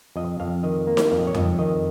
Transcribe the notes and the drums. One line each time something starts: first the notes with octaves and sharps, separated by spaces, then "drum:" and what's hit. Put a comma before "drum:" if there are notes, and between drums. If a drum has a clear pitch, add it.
F2 D#5
F2 F5
D#3 D#5
A#3
drum: snare D#4
F2 F5
D#5
C#5
F2 D#5, drum: tom F2
D#3 D#5